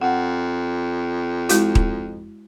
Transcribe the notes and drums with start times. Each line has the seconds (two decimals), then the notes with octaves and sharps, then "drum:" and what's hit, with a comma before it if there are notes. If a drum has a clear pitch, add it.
0.01 F2 F#5
1.49 G#3 E4 F#4, drum: hi-hat
1.75 drum: kick D#1